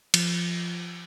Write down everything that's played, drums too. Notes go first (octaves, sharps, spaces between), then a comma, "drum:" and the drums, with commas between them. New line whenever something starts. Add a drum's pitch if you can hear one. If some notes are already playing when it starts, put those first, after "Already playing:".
F3, drum: cymbal